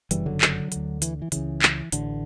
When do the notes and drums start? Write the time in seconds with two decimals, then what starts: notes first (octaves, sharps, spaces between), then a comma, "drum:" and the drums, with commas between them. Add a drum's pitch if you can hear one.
0.11 G1 F#2 C#3 E3 G3, drum: hi-hat
0.26 D3 F#3
0.41 drum: clap
0.72 D2 D3, drum: hi-hat
1.02 E3, drum: hi-hat
1.22 E3
1.32 C#2 C#3 E3, drum: hi-hat
1.62 drum: clap
1.92 A1 A2 D3, drum: hi-hat